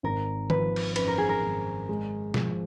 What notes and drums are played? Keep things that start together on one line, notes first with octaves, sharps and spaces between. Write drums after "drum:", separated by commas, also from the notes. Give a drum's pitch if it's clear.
G#1 A#4
F3 B4, drum: tom D#3
drum: cymbal
F#2 B4, drum: cymbal
A#4
G#4
A#4
G#1
G#3
F3, drum: snare B2